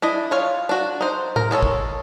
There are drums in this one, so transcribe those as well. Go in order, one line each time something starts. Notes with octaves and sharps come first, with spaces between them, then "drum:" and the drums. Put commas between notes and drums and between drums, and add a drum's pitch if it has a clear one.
D4 E4 D#5
F4 C#5 F5
D4 F#4
D#4 C5
A#4, drum: tom A2
G#3 G#4 A4 C#5
drum: kick